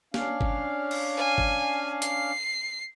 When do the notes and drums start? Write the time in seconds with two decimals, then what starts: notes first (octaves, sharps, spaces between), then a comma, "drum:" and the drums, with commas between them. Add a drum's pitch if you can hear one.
0.14 C#4 D4 F5, drum: snare
0.41 drum: kick G1
0.91 drum: cymbal
1.17 G#5
1.38 drum: kick G1
2.02 C7, drum: hi-hat